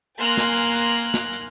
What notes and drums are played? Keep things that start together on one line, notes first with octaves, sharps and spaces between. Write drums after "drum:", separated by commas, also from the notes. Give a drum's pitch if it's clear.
A#3 G#5 C6 F6 F#6 A#6
drum: snare
drum: hi-hat
drum: hi-hat
drum: snare
drum: hi-hat